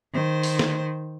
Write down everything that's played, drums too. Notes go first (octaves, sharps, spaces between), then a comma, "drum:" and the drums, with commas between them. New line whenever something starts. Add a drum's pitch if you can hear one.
D#3 C5
drum: open hi-hat
drum: snare